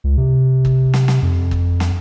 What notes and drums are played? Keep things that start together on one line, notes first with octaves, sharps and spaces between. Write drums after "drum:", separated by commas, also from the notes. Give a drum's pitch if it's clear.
C#2
C3
drum: kick
drum: snare
drum: snare
F2
drum: kick
drum: snare